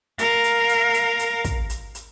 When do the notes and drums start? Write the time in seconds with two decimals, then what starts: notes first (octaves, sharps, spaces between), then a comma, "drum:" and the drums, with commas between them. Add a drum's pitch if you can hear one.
0.19 A#4 F5, drum: hi-hat
0.44 drum: hi-hat
0.69 drum: hi-hat
0.94 drum: hi-hat
1.19 drum: hi-hat
1.44 drum: kick, hi-hat
1.70 drum: hi-hat
1.95 drum: hi-hat